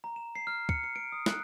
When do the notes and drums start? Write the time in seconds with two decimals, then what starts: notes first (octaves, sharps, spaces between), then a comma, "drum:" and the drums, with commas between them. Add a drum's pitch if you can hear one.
0.04 A#5
0.16 E7
0.35 C7
0.47 F6
0.69 C#7, drum: kick
0.84 C#7
0.96 D7
1.12 D#6
1.26 F#6, drum: snare